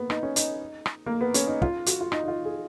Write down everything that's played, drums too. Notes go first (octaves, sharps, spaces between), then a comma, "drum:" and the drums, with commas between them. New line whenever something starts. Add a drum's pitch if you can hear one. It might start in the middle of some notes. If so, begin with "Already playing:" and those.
Already playing: A#3 B3
D#4, drum: rim click
C#4
D#4, drum: hi-hat
drum: rim click
A#3
B3
C#4, drum: hi-hat
D#4
F4, drum: kick
F#4, drum: hi-hat
F4
D#4, drum: rim click
D#4
F4
G#4